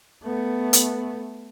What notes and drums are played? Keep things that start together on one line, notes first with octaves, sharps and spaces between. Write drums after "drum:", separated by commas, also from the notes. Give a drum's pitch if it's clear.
A3 B3
drum: hi-hat